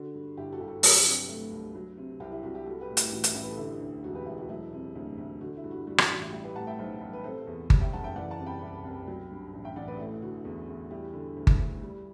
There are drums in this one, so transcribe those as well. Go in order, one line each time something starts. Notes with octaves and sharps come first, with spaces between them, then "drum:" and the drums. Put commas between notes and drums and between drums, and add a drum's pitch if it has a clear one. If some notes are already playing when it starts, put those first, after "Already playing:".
Already playing: D3 F#4
G2
G1 E4 G4
F#4 A4
G1 G4
F#4 A4
F#3 G4 B4, drum: open hi-hat
C3
A3
C2
F#3
C3
C2 E4 G4
E4
C2 F#4
E4 G4
G3 F#4 A4
G4 B4
A2
E4 G4, drum: hi-hat
A1 F#4
E4 G4, drum: hi-hat
A1 E4 G4
B4
A4
D3 E4 G4
D2
E1 F#4
G4 B4
E1 E4 G4
F#4
F#3 E4
C3
D2
D2
D3 F#4
E4
G2
F#4
G3 F#4
F#4, drum: rim click
A1 F#4
E4 G4
G3 E4 G4
G4 B4
A2 F#5 A5
E5 G5
B1 C5 E5
B1
B4
C3 A4 C5
E2
G3, drum: kick G1
E5 G5
F#1 F#5 A5
E5 G5
E3 D5 F#5
F#5 A5
C3
G5 B5
C2
C2
F#3
G2
A1
E5 G5
A1 D5 F#5
B4 D5
A3 E4
D3 F#4
E2
E2
G3 E4 G4
D3
D2
drum: kick G1
D2
G3